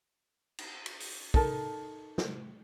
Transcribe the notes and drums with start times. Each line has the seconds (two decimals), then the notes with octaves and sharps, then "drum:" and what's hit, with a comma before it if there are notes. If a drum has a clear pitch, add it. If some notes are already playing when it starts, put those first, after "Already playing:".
0.59 drum: cymbal
0.86 drum: cymbal
1.00 drum: open hi-hat
1.34 D#4 A4 A#4 A5, drum: kick
2.18 drum: snare